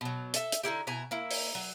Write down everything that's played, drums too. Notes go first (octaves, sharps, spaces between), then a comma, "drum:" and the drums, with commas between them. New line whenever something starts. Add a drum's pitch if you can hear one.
B2 F#3
A4 E5, drum: hi-hat
drum: hi-hat
D3 D#4 E4 G4
B2 E4 G#5 A#5
A#3 E4
drum: open hi-hat
F#3